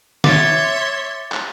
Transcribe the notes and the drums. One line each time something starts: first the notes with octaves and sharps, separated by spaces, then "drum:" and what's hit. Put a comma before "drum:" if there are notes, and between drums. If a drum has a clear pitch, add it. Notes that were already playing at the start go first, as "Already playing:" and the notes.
C#5 E5 C6 D6 A6, drum: snare
drum: clap